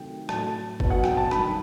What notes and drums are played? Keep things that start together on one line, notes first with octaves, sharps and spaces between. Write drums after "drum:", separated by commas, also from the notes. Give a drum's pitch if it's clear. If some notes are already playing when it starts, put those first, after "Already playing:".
Already playing: C3 D#3 F#3 A3 G5
A2 F#3 A3 A5, drum: rim click
B2 F#3 B3, drum: kick
F#5
G5, drum: rim click
A5
F#2 D#3 G3 B5, drum: rim click